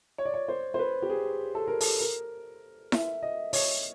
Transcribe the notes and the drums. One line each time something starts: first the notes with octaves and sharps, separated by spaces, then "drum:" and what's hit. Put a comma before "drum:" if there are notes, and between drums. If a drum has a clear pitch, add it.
C#5
D5
C#5
C5
C5
B4
G4
G#4
A4
A#4
A4, drum: open hi-hat
A#4
E5, drum: snare E4
D#5
C#5, drum: open hi-hat